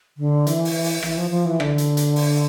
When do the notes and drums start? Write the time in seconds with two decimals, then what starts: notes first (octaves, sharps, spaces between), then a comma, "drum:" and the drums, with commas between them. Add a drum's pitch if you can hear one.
0.18 D3
0.47 E3, drum: hi-hat
0.65 drum: open hi-hat
0.84 drum: open hi-hat
1.03 E3, drum: rim click
1.17 F3
1.31 F3
1.45 E3
1.60 D3, drum: rim click
1.78 drum: hi-hat
1.97 drum: hi-hat
2.16 drum: open hi-hat